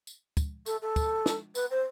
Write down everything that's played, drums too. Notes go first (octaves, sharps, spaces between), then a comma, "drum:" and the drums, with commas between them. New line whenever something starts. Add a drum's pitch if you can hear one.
drum: tambourine
drum: kick, tambourine
A4, drum: tambourine
A4
drum: kick, tambourine
drum: snare
B4, drum: tambourine
C5